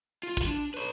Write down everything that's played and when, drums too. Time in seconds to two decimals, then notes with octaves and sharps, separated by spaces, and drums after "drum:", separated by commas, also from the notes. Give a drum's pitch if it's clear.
0.23 F4 F5, drum: hi-hat
0.37 drum: kick
0.47 D4
0.64 drum: hi-hat
0.74 B4 C#5